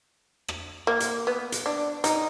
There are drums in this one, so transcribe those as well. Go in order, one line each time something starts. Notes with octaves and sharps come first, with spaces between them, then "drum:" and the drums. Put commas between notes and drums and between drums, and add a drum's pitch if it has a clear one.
drum: rim click
A#3
drum: hi-hat
B3
drum: hi-hat
D4
D#4, drum: hi-hat